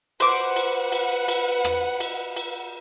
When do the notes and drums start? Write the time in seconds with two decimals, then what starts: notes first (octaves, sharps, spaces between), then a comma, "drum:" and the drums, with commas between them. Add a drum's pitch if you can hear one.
0.20 B4 C5 F#5 D6, drum: cymbal
0.56 drum: cymbal
0.92 drum: cymbal
1.28 drum: cymbal
1.64 drum: rim click
2.00 drum: cymbal
2.36 drum: cymbal